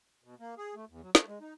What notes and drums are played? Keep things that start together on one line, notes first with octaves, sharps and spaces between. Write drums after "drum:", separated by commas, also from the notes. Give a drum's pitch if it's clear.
B2
A#3
G#4
A3
E2
F#3
A3, drum: snare
G#3
D#4